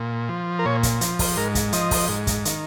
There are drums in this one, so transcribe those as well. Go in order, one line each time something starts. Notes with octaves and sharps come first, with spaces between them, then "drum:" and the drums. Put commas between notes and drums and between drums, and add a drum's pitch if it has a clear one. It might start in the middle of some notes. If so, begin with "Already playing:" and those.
Already playing: A#2
F3
A#4
A#2 C#5
drum: kick, hi-hat
F3, drum: hi-hat
drum: kick, open hi-hat
G#2 A#4
drum: kick, hi-hat
F3 D#5, drum: hi-hat
drum: kick, open hi-hat
G#2
drum: kick, hi-hat
D#3, drum: hi-hat